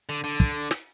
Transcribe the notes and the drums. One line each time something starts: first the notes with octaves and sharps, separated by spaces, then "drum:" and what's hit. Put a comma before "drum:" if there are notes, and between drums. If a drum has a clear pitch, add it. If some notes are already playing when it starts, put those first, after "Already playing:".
D3
D3
drum: kick
drum: snare